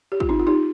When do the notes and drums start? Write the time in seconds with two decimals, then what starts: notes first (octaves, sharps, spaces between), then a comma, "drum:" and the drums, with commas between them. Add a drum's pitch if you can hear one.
0.12 G4
0.20 F4, drum: kick
0.29 C4 D#4
0.39 F4
0.47 D#4 G4